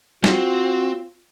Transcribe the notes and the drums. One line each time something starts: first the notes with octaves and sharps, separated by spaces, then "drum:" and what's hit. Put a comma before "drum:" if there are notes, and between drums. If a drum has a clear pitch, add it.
C4 F4 F#4, drum: snare